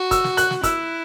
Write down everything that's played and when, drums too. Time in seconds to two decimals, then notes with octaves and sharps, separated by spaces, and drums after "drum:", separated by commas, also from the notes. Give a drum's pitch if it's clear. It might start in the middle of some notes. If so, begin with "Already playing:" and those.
Already playing: F#4
0.11 E6, drum: kick, hi-hat
0.24 drum: snare
0.37 F#6, drum: hi-hat
0.51 drum: snare
0.63 E4 E6, drum: kick, hi-hat